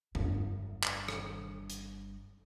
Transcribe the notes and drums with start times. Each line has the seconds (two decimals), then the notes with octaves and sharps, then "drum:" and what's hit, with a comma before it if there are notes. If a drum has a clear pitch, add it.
0.15 G1 G2, drum: tom F2
0.84 drum: clap
1.08 drum: rim click
1.70 drum: hi-hat